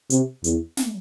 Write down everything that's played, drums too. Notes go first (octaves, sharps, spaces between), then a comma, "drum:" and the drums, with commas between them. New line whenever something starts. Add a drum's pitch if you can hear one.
C3, drum: hi-hat
E2, drum: hi-hat
drum: snare